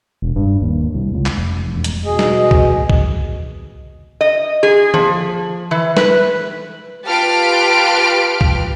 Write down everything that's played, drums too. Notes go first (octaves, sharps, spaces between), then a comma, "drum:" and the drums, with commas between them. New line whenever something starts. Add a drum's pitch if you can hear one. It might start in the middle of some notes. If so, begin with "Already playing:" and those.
E1
G2
D#2
C2
C#2
drum: clap
F1
E1
drum: hi-hat
B2 G#4 D#5
drum: snare
drum: kick C2
drum: kick C2
D#5
G#4
F3, drum: tom D3
E3
B4, drum: snare
F4 G4 B4 A5 F6 D7
drum: kick C2